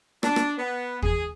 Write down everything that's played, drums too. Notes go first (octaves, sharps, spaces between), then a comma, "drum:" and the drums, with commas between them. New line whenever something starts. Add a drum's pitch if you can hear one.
D4, drum: rim click
drum: rim click
B3
G#4, drum: kick